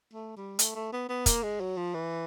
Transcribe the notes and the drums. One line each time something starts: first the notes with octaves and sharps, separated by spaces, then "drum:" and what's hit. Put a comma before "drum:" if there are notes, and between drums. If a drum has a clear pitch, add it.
A3
G3
A3, drum: hi-hat
A3
B3
B3
A#3, drum: kick, hi-hat
G#3
F#3
F3
E3